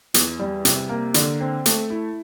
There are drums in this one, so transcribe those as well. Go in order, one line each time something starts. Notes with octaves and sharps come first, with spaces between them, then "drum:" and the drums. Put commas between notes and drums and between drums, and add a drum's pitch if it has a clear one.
E2, drum: hi-hat
G3
C3, drum: hi-hat
A#3
D3, drum: hi-hat
C4
A3, drum: hi-hat
E4